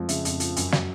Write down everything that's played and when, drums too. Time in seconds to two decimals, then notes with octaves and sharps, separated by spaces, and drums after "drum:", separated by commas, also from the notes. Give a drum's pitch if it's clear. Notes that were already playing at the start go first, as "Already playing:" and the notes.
Already playing: F2 F3 G#3 A3
0.09 C#3 E5, drum: hi-hat
0.25 F2, drum: hi-hat
0.40 F3, drum: hi-hat
0.56 F#2, drum: hi-hat
0.72 F#3, drum: snare